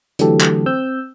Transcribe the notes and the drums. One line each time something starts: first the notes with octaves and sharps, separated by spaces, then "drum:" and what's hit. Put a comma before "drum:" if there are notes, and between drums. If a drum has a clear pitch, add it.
D3 E3 F#3 A3 G4 A4, drum: hi-hat
drum: clap
C4 E6 G6